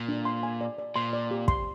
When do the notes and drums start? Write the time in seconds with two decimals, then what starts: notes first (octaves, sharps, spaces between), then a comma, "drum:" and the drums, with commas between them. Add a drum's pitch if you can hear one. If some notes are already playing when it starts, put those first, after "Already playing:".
Already playing: A#2
0.09 D4
0.25 C6
0.43 G#5
0.61 D5
0.78 D5
0.96 A#2 C6
1.13 D5
1.31 G4
1.48 C6, drum: kick